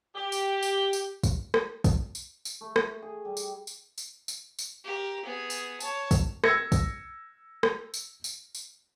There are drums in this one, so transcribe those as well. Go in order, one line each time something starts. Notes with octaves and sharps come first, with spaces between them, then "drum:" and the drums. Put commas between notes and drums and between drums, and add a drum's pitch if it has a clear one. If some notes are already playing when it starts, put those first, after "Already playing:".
G4
drum: tambourine
drum: tambourine
drum: tambourine
drum: kick, tambourine
drum: rim click
drum: kick, tambourine
drum: tambourine
drum: tambourine
A3
drum: rim click
G#4
G3
drum: tambourine
drum: tambourine
drum: tambourine
drum: tambourine
drum: tambourine
G4 A#4
B3 G#4
drum: tambourine
C#5 A5, drum: tambourine
drum: kick, tambourine
E6 G#6 A#6 C#7, drum: rim click
drum: kick, tambourine
drum: rim click
drum: tambourine
drum: tambourine
drum: tambourine